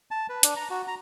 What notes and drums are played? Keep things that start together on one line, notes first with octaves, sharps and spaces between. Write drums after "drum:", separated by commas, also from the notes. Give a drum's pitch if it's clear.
A5
B4
D4, drum: hi-hat
A#5
F#4
A#5